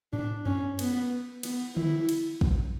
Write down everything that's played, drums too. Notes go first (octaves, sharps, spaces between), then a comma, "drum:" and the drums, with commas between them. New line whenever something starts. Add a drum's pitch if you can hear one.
D4, drum: tom G#2
C#4, drum: tom F#2
B3, drum: cymbal
B3, drum: cymbal
E4, drum: tom D3
drum: cymbal
drum: kick